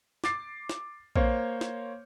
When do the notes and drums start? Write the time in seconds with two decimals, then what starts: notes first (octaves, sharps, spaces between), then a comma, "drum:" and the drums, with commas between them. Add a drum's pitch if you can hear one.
0.24 D6 A6 C7, drum: snare
0.69 drum: snare
1.16 A#3 C5 C#5, drum: kick A#1
1.61 drum: snare